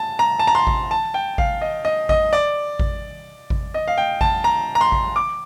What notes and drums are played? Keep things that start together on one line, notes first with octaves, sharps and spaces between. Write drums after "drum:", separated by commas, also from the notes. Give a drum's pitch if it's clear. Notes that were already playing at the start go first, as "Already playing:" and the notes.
Already playing: A5
A#5
A5
A#5
C6
drum: kick G#1
A5
G5
F5, drum: kick G#1
D#5
D#5
D#5, drum: kick G#1
D5
drum: kick G#1
drum: kick G#1
D#5
F5
G5
A5, drum: kick G#1
A#5
A#5
C6
drum: kick G#1
D6